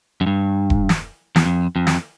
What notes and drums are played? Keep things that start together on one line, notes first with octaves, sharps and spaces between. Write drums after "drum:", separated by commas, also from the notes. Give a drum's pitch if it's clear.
F#2
G2
drum: kick E1
drum: snare
E2, drum: snare
F2
F2
drum: snare